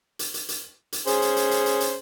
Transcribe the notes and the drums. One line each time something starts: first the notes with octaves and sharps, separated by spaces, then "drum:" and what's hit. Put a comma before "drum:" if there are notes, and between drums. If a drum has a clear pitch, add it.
drum: hi-hat
drum: hi-hat
drum: hi-hat
drum: hi-hat
C#4 G#4 C5, drum: hi-hat
drum: hi-hat
drum: hi-hat
drum: hi-hat
drum: hi-hat
drum: hi-hat